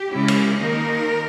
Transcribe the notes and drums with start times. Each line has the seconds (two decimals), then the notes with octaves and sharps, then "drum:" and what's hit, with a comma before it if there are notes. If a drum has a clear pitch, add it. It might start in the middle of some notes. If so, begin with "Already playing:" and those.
Already playing: G4
0.10 C#3 G#3 C#4 E4
0.28 drum: cymbal
0.59 D#3 A#3 D#4 A#4